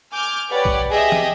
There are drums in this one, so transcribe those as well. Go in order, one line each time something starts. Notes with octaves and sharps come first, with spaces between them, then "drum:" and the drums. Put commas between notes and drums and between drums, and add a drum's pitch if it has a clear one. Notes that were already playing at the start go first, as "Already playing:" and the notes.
G#5 D6 F6 G6
G4 B4 C#5 D5 F#5
drum: kick B1
G4 G#4 D#5 E5
drum: snare